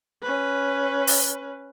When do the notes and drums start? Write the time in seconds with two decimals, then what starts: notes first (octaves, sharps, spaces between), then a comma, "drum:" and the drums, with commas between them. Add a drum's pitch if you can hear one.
0.23 C#4 B4
1.07 drum: open hi-hat